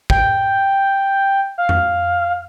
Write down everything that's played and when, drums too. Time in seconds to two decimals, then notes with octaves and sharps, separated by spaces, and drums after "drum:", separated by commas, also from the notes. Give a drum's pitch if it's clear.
0.10 G5, drum: kick
1.58 F5
1.69 drum: tom F2